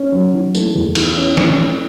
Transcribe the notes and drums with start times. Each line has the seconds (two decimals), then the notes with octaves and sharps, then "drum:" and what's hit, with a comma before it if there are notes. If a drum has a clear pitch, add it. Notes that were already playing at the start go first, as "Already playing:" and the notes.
Already playing: C#4
0.12 F#3
0.33 E3
0.55 A3, drum: tambourine
0.75 E2
0.95 E3, drum: cymbal
1.17 C#4
1.37 A3, drum: snare
1.59 E3